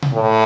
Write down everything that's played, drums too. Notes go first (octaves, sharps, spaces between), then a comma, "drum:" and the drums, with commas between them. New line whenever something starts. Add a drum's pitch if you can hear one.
drum: tom B2
A2